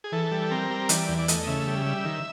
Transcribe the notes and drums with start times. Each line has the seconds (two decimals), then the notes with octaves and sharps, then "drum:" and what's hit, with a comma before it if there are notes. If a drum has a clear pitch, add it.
0.04 G#4
0.12 E3 A4
0.31 G3
0.51 C4 A#4
0.70 G3
0.89 E3 D5, drum: hi-hat
1.09 E2
1.18 D5
1.28 A3 D#5, drum: hi-hat
1.47 C#3 E5
1.67 G3
1.86 G3
2.04 D#3